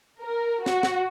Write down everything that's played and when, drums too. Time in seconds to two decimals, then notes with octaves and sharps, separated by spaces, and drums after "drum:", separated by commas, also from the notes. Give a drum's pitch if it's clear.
0.23 A#4
0.66 F#4, drum: snare
0.83 drum: snare